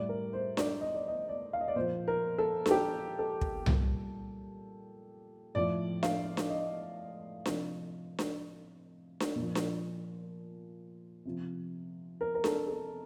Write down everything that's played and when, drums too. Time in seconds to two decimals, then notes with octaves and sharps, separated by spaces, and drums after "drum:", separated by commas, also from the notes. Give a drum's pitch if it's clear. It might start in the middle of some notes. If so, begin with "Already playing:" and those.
Already playing: A2 G3 D5
0.09 A#4
0.33 C5
0.57 D5, drum: snare D4
0.81 D#5
0.94 D5
1.08 D#5
1.29 D5
1.53 F5
1.61 D#5
1.68 D5
1.76 A#2 F3 C5
2.08 A#4
2.38 A4
2.66 A4, drum: snare D4
2.71 G4
3.19 A4
3.41 drum: kick
3.66 A#2 G3, drum: tom C2
5.55 A2 F3 D5
6.03 F5, drum: snare D4
6.37 drum: snare D4
6.50 D#5
7.45 C3 F3, drum: snare D4
8.19 drum: snare D4
9.20 drum: snare D4
9.36 A#2 F3
9.55 drum: snare D4
11.25 C3 F3
12.21 A#4
12.35 A#4
12.44 A4, drum: snare D4
12.68 A4